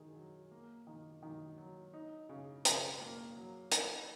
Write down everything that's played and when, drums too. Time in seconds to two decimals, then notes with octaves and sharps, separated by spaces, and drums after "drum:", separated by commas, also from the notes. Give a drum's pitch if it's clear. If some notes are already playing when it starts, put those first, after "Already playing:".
Already playing: D#3 G#4
0.16 F#3
0.51 A#3
0.87 D#3
1.23 D#3
1.58 F#3
1.94 D#4
2.29 C#3
2.65 C#3, drum: hi-hat
3.01 A#3
3.36 F#3
3.71 D#4, drum: hi-hat